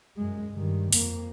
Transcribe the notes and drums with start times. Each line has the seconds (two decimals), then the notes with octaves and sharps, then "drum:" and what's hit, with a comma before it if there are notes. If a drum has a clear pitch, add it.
0.17 F#2 G#3
0.53 G2 D#3
0.92 F2 A#3, drum: open hi-hat